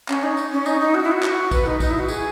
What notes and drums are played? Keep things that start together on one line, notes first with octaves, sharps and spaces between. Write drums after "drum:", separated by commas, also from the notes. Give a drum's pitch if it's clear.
C#4, drum: clap
D#4
drum: tambourine
C#4
D#4, drum: tambourine
D#4
F#4
E4
F#4
drum: clap
B4, drum: kick, tambourine
D#4
D#4, drum: kick, tambourine
E4
F#4
G#4, drum: tambourine